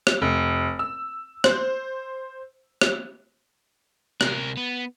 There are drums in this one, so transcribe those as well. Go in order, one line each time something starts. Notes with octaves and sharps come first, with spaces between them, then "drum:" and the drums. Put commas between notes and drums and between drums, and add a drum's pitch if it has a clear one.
drum: rim click
F1
E6
C5, drum: rim click
drum: rim click
C3 A#4, drum: rim click
B3